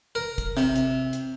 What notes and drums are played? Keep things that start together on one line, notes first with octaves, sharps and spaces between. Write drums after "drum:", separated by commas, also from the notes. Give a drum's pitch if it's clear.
A#4
drum: kick, hi-hat
C3, drum: snare
drum: hi-hat
drum: hi-hat